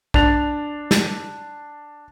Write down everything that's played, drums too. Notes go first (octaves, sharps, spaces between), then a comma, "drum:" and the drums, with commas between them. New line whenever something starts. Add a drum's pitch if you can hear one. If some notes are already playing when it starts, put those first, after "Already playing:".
D4 A6 F7, drum: kick
drum: snare